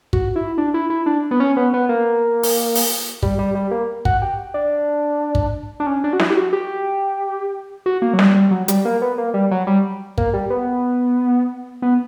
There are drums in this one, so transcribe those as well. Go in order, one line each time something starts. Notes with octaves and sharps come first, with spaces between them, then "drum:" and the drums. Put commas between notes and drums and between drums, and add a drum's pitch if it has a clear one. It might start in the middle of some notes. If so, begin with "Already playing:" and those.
F#4, drum: kick
E4
D4
E4
E4
D4
B3
C#4
B3
B3
A#3
drum: open hi-hat
drum: open hi-hat
G3, drum: kick
G3
G3
A#3
F#4, drum: kick
G4
D4
drum: kick
D4
C#4
D4
F#4
E4, drum: snare
G4
F#4
G4
F#4
A#3
F#3
G3, drum: snare
G3
F#3
G3, drum: hi-hat
A#3
B3
A#3
G3
F#3
G3
A#3, drum: kick
G3
B3
B3